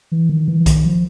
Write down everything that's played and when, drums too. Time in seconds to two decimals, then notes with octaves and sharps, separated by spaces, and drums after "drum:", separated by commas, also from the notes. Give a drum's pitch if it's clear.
0.12 E3
0.29 D#3
0.48 E3
0.60 E3
0.66 D#3, drum: kick B1, hi-hat
0.85 F3